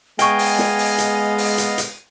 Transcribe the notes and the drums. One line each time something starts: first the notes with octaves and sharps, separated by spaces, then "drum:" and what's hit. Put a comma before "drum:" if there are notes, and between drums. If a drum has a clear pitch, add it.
G#3 B3 D#5 F5 G5 G#5 C#6, drum: hi-hat
drum: open hi-hat
drum: snare
drum: open hi-hat
drum: hi-hat
drum: open hi-hat
drum: hi-hat
drum: hi-hat